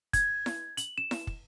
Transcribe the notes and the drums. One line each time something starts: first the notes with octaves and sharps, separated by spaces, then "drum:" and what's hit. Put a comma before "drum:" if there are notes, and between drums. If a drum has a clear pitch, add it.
G#6, drum: kick, hi-hat
drum: snare E4
F#7, drum: hi-hat
E7
drum: snare E4
drum: kick